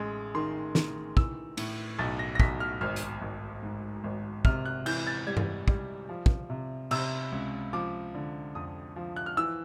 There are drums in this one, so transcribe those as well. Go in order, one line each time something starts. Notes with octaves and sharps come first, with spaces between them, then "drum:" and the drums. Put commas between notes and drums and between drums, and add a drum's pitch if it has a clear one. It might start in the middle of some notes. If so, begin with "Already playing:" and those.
Already playing: A1 G#3
D#3 C6
D#3, drum: snare
E3 E6, drum: kick
A2, drum: cymbal
B1 A6
A#6
A#6
B1 B6, drum: kick
F6
G#1 F6
drum: hi-hat
G#1
G#2
G#1
C3 F6, drum: kick
F#6
E3 G6, drum: cymbal
A6
G3 G#6
drum: tom G2
G3, drum: kick
F3
drum: kick
C3
C3 E6, drum: cymbal
C#2
F3 D6
D3
F2 D#6
F3
F#6
F6
E3 E6